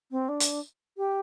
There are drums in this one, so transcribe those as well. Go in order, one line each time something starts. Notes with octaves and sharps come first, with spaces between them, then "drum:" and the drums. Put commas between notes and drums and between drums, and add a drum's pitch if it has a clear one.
C4
D4
drum: hi-hat
G4